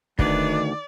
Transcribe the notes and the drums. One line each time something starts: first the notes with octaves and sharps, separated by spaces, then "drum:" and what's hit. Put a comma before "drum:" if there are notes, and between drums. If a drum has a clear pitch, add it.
D2 D#3 F#3 B3 D4 D5, drum: kick